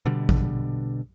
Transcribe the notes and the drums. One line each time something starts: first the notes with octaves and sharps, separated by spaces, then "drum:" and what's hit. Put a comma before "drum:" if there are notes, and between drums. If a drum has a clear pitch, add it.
B2 D3 G3
drum: kick A1